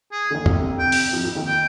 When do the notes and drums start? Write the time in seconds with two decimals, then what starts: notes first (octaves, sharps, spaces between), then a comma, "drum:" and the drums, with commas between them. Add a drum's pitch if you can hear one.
0.12 G#4
0.30 D3
0.35 D#2 D#3
0.46 C2 C3, drum: tom
0.79 G5
0.92 drum: open hi-hat
1.13 F2 F3
1.24 F2 F3
1.35 D#2 D#3
1.47 G5